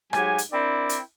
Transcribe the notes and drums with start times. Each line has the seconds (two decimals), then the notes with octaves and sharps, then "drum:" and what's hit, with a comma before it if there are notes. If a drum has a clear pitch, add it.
0.13 G#2 F#3 G4 G#5, drum: rim click
0.38 drum: hi-hat
0.52 C4 D4 E4 A#4 D5
0.89 drum: hi-hat